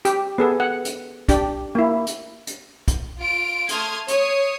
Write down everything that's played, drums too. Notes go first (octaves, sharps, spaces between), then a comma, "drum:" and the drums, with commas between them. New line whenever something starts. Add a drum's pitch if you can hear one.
G4, drum: hi-hat
B3 G#4 A4
F#5
drum: hi-hat
D4 G4, drum: kick, hi-hat
A#3 E4
drum: hi-hat
drum: hi-hat
drum: kick, hi-hat
F4 D7
A3 A5 C6 D#6 F6 G#6, drum: hi-hat
C#5 D#6 C7, drum: hi-hat